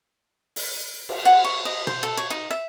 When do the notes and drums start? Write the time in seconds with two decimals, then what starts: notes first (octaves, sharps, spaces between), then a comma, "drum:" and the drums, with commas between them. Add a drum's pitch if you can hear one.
0.56 drum: open hi-hat
1.09 drum: cymbal
1.25 F#5
1.45 C#6
1.65 D#5
1.87 C5, drum: tom B2
2.03 A4
2.17 C#5
2.30 D#4
2.51 E5